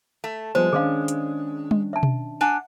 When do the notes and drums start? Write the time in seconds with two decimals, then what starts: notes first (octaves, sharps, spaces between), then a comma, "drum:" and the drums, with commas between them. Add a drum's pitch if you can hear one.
0.24 A3
0.55 F3 G3 G#3 B3 C5
0.73 D#3 C#4 D4 G#4 D#5 F5
1.08 drum: hi-hat
1.71 drum: tom G3
1.93 E5 A5
2.03 drum: tom B2
2.41 D4 F#5 G#5